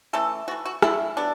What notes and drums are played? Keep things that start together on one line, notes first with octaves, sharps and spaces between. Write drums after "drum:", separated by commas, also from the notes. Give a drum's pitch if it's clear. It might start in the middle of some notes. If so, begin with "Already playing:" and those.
C#3 E3 A3 A4
E3 A3 F#4
F#4
D3 A3 E4, drum: rim click
F#3 B3 D4